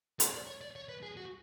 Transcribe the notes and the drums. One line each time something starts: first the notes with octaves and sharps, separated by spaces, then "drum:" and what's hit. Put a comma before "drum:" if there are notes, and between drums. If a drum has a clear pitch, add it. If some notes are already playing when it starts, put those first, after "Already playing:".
D5, drum: hi-hat
D5
C#5
D5
C#5
B4
G#4
F#4